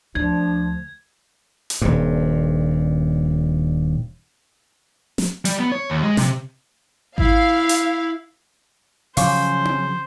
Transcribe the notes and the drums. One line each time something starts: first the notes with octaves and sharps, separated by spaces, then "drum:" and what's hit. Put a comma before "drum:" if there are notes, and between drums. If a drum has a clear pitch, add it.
D2 F3 D4 G#6
drum: hi-hat
D#1 G2
drum: snare
G3, drum: hi-hat
B3
C#5
D#2
G#3
C3, drum: snare
E4 F5, drum: kick G#1
drum: hi-hat
C#3 F3 F#3 C#4 C5 F5 C#6 D6, drum: open hi-hat
drum: tom C4